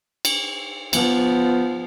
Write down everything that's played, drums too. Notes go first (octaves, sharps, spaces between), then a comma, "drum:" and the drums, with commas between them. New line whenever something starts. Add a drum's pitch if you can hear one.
drum: cymbal
F3 B3, drum: cymbal